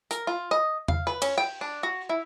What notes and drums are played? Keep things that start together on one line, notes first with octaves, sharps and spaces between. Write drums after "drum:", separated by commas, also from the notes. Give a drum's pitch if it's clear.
A#4, drum: hi-hat
F4
D#5
F5, drum: tom E2
B4
C#4, drum: cymbal
G5
D4
F#4
E4